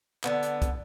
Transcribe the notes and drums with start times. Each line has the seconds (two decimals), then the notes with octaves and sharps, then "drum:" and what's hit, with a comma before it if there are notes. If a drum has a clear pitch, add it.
0.24 D3 B3, drum: clap
0.43 drum: hi-hat
0.62 drum: kick, hi-hat